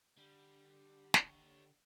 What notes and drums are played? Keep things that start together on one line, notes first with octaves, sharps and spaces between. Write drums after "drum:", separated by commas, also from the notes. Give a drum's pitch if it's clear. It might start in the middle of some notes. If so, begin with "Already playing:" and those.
D3 G3
G4 C#5, drum: snare